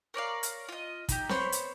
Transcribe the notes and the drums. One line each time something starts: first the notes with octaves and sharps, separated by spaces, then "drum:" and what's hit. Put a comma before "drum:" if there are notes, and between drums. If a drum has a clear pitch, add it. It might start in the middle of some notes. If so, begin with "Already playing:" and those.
A#4 C#5 D5 F5
drum: hi-hat
F4 D#5
D#4 G4, drum: kick, hi-hat
B3 C5 C#5 B5, drum: snare C4
drum: hi-hat